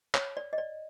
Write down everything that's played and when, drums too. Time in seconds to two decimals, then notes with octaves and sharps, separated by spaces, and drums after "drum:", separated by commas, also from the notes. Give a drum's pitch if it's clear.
0.14 C#5, drum: clap
0.37 D5
0.53 D#5
0.58 D5